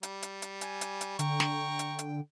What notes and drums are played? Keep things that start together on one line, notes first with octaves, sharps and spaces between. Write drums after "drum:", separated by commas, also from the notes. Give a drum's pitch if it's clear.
G3, drum: hi-hat
drum: hi-hat
drum: hi-hat
G#5, drum: hi-hat
drum: hi-hat
drum: hi-hat
D3 G5 A#5 C#6, drum: hi-hat
drum: snare
drum: hi-hat
drum: hi-hat